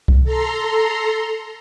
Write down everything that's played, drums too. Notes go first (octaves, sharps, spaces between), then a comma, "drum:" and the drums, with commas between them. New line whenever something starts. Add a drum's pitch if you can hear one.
drum: kick C2
A4 A#5 C6